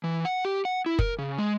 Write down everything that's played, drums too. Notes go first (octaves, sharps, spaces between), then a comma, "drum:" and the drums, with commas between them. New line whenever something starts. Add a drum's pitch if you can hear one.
E3
F#5
G4
F#5
E4
A#4, drum: kick F#1
C#3
G#3